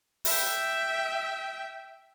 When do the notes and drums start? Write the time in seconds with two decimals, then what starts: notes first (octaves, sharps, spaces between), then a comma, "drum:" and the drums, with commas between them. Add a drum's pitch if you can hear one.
0.25 E5 G5, drum: open hi-hat